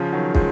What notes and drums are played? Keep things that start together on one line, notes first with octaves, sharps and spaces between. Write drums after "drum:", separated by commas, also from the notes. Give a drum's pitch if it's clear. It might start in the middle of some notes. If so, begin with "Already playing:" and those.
Already playing: C#3 F3
D#3 F#3
F3 G#3, drum: kick